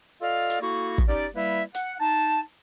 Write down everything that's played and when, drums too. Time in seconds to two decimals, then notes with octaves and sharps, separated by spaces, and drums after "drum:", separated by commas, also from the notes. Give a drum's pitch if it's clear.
0.21 F4 A4 D5 D#5 F5
0.50 drum: hi-hat
0.61 A#3 E4 F#4 A4 C#6
0.98 drum: kick
1.08 C#4 D#4 G4 D5
1.35 G3 A#3 E4 B4 E5
1.74 F#5, drum: hi-hat
2.00 D#4 A5